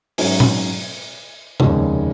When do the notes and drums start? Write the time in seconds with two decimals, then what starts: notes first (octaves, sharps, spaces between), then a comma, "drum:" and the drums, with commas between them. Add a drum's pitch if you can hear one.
0.18 G#2 F#3 C#4, drum: open hi-hat
0.40 drum: tom A#2
1.60 F1 D#2 C#3 G#3, drum: tom